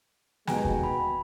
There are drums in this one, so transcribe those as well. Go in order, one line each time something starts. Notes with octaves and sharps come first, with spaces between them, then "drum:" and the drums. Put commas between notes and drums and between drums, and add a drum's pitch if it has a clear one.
D#2 B2 G#3 G5 G#5 A#5, drum: snare
drum: kick E2
B5